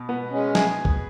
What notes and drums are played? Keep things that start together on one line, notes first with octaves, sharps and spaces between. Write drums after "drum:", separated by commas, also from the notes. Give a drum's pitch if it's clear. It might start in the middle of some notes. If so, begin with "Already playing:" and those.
Already playing: B2
B3
G#3 C#4
G#4, drum: snare
drum: kick C#2